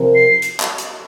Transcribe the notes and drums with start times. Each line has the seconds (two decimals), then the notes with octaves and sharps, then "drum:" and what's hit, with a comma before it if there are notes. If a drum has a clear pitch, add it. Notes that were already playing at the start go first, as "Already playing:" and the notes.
Already playing: C3 F3 C4 A#4
0.15 C7
0.42 drum: hi-hat
0.60 drum: clap
0.78 drum: hi-hat